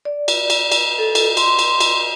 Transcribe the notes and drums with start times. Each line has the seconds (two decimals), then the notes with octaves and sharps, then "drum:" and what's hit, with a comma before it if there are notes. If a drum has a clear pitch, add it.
0.05 D5
0.28 drum: cymbal
0.50 drum: cymbal
0.72 drum: cymbal
0.98 A4
1.15 drum: cymbal
1.37 C6, drum: cymbal
1.59 drum: cymbal
1.80 drum: cymbal